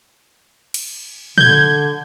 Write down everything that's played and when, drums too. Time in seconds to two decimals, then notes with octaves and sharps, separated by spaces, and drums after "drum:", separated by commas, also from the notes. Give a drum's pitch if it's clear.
0.74 drum: cymbal
1.38 D3 G6 G#6, drum: tom A#2